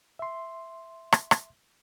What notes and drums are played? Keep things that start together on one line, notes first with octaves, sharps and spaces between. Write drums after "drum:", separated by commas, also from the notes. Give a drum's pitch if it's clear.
E5 C6
drum: rim click
drum: rim click